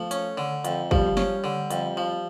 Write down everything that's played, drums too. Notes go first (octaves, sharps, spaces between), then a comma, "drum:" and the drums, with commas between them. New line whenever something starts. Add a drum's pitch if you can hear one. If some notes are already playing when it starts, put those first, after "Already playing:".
Already playing: F3 A3
C#4, drum: hi-hat
D3
F2, drum: hi-hat
F3 G3, drum: kick
C#4, drum: snare
D3
F2, drum: hi-hat
F3